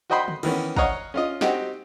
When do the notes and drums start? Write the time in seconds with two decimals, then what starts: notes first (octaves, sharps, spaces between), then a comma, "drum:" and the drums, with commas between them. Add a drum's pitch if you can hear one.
0.10 F#4 C5 D#5 G5 B5 C6
0.28 drum: tom C#3
0.43 D#3 E3 B3 C#4, drum: cymbal
0.76 C#5 D#5 F5 F#5 A#5, drum: kick
1.14 C#4 F4 D#5
1.41 C4 D#4 F#4 G4, drum: snare